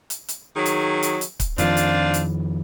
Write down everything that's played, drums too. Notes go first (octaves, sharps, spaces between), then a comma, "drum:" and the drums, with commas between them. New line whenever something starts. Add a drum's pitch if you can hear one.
drum: hi-hat
drum: hi-hat
D#3 F#3 G#4
drum: hi-hat
drum: hi-hat
drum: hi-hat
drum: kick C#1, hi-hat
F2 D#3 F3 C4 D4 F4, drum: hi-hat
drum: hi-hat
drum: hi-hat